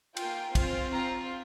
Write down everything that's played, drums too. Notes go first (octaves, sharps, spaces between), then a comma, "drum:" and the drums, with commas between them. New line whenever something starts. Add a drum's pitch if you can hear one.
A#3 F4 G5, drum: cymbal
C4 F4, drum: kick, cymbal
C4 F4 A#5